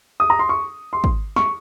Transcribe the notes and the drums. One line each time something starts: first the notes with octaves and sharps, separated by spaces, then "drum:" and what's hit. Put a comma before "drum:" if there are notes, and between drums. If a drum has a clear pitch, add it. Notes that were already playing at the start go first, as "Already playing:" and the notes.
D#6
A#5
C6
C#6
C6
drum: kick
C#6, drum: snare